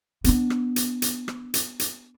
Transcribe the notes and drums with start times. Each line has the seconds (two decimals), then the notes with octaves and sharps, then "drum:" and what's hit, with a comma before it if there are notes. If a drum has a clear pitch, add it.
0.24 B3 D4, drum: hi-hat
0.50 drum: rim click
0.76 drum: hi-hat
1.02 drum: hi-hat
1.28 drum: rim click
1.54 drum: hi-hat
1.79 drum: hi-hat